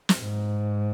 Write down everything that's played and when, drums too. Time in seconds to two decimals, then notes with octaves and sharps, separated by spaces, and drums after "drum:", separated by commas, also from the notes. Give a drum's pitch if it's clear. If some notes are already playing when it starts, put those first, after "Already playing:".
0.09 drum: snare
0.18 G#2